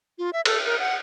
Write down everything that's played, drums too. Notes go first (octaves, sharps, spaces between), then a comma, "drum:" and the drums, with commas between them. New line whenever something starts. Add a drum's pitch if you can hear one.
F4
E5
A4, drum: cymbal
A#4
F#5